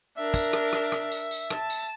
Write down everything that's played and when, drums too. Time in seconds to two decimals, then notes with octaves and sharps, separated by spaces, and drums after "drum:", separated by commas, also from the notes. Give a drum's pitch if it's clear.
0.17 D4 A#4 E5
0.34 drum: kick, tambourine
0.53 drum: rim click
0.73 drum: rim click
0.92 drum: rim click
1.12 drum: tambourine
1.31 drum: tambourine
1.50 A5, drum: rim click
1.70 drum: tambourine